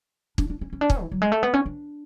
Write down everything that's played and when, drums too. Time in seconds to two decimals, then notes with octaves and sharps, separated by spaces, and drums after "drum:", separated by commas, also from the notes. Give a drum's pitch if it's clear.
0.38 D4, drum: kick
0.50 D4
0.61 C#4
0.73 C#4
0.81 D4
0.90 C#4, drum: kick
1.01 E3
1.12 F#3
1.22 G#3
1.32 A3
1.43 B3
1.54 C#4
1.66 D4